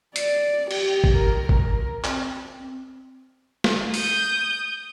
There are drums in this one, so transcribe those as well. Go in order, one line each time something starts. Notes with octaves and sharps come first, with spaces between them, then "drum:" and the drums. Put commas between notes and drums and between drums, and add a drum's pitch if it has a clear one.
D5, drum: hi-hat
G4, drum: cymbal
drum: kick
A#4
A#4, drum: kick
C4, drum: clap
drum: snare
D#6 G6, drum: open hi-hat